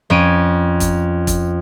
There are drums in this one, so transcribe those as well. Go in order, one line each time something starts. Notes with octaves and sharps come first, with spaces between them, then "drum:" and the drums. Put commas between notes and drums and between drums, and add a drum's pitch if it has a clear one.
F2 C#4 D7 D#7
drum: kick E1, hi-hat
drum: kick E1, hi-hat